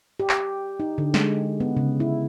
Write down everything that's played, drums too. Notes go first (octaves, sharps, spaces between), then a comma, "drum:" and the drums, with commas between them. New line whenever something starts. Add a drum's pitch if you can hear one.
G4
drum: clap
D#4
D3
G#3, drum: snare
B3
C#3
E4